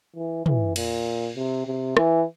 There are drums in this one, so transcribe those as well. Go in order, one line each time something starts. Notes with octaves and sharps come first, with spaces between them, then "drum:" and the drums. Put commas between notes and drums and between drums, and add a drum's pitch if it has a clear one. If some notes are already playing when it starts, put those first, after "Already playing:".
E3
E3, drum: tom
A#2, drum: cymbal
C3
C3
E3, drum: rim click